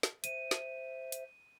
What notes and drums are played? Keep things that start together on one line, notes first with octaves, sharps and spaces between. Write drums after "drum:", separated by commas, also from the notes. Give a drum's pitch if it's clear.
drum: snare
C5 E5 D#7, drum: hi-hat
drum: snare
drum: hi-hat